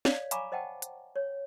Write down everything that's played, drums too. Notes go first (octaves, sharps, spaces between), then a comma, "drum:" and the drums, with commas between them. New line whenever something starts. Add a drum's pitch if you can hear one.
C#5 D5 F5, drum: snare
F5 G#5 A#5 B5 C#6 D6, drum: hi-hat
C5 D#5 F#5 G5 A5
drum: hi-hat
C#5